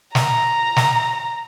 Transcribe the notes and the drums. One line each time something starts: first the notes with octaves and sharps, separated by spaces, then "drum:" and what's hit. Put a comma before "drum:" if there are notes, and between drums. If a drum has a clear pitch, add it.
A#5, drum: snare
drum: snare